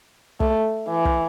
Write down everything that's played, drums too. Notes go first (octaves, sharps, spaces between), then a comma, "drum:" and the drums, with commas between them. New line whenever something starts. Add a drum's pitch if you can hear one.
A3, drum: kick
E3
drum: kick